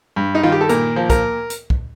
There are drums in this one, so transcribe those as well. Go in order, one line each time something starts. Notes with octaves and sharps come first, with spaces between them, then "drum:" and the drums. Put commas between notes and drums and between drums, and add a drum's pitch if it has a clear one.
G2
D#4
D#3 F4
G4
A4
A#2 A#4, drum: hi-hat
F3
A#4, drum: kick, hi-hat
drum: hi-hat
drum: kick